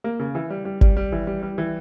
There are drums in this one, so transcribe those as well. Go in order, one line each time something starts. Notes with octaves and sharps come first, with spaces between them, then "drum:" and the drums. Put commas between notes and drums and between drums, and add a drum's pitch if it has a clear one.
A#3
C#3
E3
G3
G3
G3, drum: kick G#1
G3
E3
G3
G3
E3